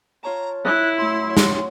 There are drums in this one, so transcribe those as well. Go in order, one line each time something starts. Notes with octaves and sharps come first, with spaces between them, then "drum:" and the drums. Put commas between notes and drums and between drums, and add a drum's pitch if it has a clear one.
F4 C#5 A5 A#5
E4 F#6
F#2 A3 C6
F#3 C#5
drum: snare